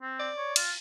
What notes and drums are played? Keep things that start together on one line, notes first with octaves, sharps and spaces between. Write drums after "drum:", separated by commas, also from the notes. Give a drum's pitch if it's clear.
C4
D5
C#5
F4, drum: cymbal